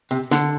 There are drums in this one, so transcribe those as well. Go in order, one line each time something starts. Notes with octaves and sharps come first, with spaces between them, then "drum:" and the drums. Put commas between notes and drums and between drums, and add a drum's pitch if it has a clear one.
C3, drum: open hi-hat
D3, drum: snare